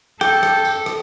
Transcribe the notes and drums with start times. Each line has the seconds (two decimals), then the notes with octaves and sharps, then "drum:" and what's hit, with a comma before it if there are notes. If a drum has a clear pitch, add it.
0.21 A4 G5, drum: rim click
0.43 drum: rim click
0.65 drum: tambourine
0.86 drum: rim click